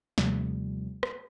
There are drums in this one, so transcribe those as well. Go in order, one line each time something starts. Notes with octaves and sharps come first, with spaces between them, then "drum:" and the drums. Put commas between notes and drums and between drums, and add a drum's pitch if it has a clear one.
D#2 C3 F3 G3 A3, drum: snare
drum: rim click